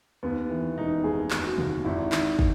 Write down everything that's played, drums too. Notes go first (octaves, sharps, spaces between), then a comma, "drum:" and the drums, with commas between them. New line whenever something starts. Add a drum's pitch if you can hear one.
D#2 B3
E3
E1 D#4
D#2 G#4
D#2, drum: clap
F#4
D#2, drum: tom B2
G#1 E4
D#3, drum: clap
drum: kick